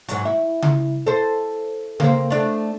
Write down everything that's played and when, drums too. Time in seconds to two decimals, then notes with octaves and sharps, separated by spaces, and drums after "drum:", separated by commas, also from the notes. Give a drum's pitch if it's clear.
0.08 G#2 F#3, drum: hi-hat
0.25 E4
0.62 drum: tom C#3
1.07 A4 C5
2.00 A#3 C4, drum: tom C#3
2.30 A3 D4